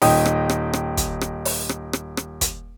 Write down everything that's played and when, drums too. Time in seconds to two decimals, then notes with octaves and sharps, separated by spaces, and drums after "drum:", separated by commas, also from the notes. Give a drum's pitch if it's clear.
0.02 D#1 D#4 G5 D#6, drum: open hi-hat
0.26 drum: rim click
0.49 drum: rim click
0.73 drum: rim click
0.97 drum: kick, hi-hat
1.21 drum: rim click
1.45 drum: open hi-hat
1.69 drum: rim click
1.93 drum: rim click
2.17 drum: rim click
2.41 drum: kick, hi-hat